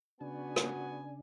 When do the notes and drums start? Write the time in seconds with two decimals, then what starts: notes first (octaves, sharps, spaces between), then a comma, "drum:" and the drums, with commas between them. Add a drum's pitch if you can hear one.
0.21 C#3 B3 D4 F#4 G#5
0.56 drum: rim click